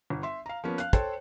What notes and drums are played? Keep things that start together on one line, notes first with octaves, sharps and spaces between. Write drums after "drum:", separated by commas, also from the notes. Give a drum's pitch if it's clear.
G1
E5 C6
F5 A#5
F3 A#3 B3 C#4
F5 F#6, drum: hi-hat
A4 C5 C#5 G5 A5, drum: kick, hi-hat